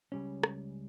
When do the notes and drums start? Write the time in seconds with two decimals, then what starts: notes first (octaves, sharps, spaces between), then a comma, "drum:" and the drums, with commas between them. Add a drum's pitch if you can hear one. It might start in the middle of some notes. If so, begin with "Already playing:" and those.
0.12 C#2 C#3 G3 C#4
0.43 drum: rim click